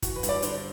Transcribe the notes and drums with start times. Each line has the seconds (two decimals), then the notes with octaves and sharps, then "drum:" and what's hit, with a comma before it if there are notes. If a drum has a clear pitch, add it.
0.02 E3 F#4, drum: kick, hi-hat
0.16 B4
0.23 G2, drum: hi-hat
0.29 D5
0.42 D3 C5, drum: hi-hat